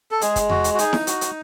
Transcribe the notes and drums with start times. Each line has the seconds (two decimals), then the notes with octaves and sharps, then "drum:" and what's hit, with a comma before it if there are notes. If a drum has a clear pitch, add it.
0.11 A4
0.21 G#3 G#4, drum: hi-hat
0.36 drum: kick, hi-hat
0.50 F#4, drum: tom E2
0.64 drum: hi-hat
0.74 F#4
0.79 D#4 G#4, drum: hi-hat
0.93 drum: snare E4
1.07 F#4, drum: hi-hat
1.21 drum: hi-hat